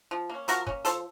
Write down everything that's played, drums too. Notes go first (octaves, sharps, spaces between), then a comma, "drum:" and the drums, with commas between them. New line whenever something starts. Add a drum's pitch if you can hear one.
F3
A#3 C#4
F3 F#4 A#4, drum: hi-hat
A#3 C#4, drum: kick
F3 A4 C5, drum: hi-hat